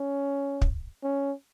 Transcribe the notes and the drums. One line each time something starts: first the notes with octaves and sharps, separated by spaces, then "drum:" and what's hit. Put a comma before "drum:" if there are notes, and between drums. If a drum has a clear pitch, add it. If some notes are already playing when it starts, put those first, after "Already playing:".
Already playing: C#4
drum: kick
C#4